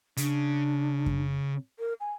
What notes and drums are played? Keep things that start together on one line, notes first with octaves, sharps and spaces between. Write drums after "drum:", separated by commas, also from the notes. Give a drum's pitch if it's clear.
C#3 D4, drum: hi-hat
drum: kick F#2
A#4
G#5